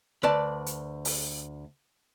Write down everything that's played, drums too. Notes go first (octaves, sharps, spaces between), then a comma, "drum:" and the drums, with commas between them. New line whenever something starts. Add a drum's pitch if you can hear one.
D2 B4 D5 A5
drum: hi-hat
drum: open hi-hat